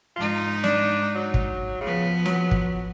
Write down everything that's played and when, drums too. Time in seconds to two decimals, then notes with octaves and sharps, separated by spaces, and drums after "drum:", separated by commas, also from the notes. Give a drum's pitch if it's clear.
0.16 G#2 D#4 F4
0.64 D4, drum: snare
1.15 F#3
1.34 drum: kick
1.81 C#3 F3 B3
2.25 F#3, drum: snare
2.51 drum: kick